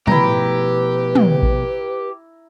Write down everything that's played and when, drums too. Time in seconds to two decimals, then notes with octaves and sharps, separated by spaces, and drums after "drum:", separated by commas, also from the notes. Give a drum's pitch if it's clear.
0.07 B2 F3 A3 E4 G4 B4 A#5, drum: tom
1.15 drum: tom
1.43 drum: kick A1